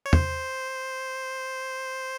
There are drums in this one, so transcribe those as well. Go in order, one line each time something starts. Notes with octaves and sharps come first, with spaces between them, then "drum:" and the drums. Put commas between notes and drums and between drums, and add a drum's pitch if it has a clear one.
C#5
C5, drum: tom